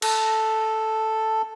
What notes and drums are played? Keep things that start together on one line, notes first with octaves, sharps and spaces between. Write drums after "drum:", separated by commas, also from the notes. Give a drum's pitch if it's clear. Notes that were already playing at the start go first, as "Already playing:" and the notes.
A4, drum: cymbal